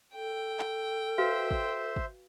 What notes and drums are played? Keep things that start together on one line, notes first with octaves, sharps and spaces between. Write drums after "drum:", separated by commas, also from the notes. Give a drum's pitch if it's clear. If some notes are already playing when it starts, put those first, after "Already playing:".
A4 G5
drum: clap
F#4 B4 C5 E5 F5 C6
drum: kick
drum: kick